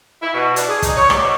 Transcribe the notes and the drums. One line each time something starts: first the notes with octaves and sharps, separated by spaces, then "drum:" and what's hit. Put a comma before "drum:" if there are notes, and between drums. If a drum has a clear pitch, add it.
E4
B2
D4, drum: hi-hat
G#4
D#4, drum: kick, hi-hat
C#5
D5, drum: rim click
B2